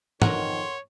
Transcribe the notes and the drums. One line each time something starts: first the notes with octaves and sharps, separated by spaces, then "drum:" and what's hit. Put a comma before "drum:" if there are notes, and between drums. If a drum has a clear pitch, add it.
F2 B2 D#3 A#4 C#5 F#5 C6, drum: tom